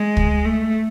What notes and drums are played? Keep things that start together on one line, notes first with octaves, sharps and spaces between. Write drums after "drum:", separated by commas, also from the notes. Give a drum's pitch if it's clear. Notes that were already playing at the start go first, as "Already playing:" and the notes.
Already playing: G#3
drum: kick
A3